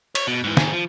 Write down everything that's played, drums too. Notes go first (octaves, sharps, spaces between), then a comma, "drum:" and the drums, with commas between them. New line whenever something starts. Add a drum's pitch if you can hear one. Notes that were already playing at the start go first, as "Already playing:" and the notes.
C#5, drum: cymbal
B2
G#2 E3
C4 G#4, drum: snare
F3